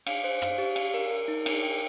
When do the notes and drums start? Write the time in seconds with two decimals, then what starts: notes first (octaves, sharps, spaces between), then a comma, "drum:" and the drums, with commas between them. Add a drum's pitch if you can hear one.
0.07 F5, drum: cymbal
0.24 C5
0.42 F5, drum: rim click
0.58 G4
0.76 F5, drum: cymbal
0.94 A#4
1.10 A#4
1.28 D#4
1.46 A#4, drum: cymbal
1.63 G5